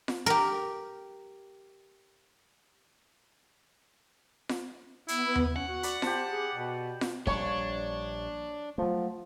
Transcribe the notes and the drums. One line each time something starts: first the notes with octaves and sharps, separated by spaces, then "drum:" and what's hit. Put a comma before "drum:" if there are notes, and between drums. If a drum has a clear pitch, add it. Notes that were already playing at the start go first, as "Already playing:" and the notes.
drum: snare F4
G4 A#4
drum: snare F4
B3 E4, drum: hi-hat
drum: tom D#2
C#4 F#5
F#4
D5 B5, drum: hi-hat
G4 C5 A5, drum: snare F4
G#4
B2
drum: snare F4
A#1 G3 D4 C#5, drum: kick
F3 F#3 A3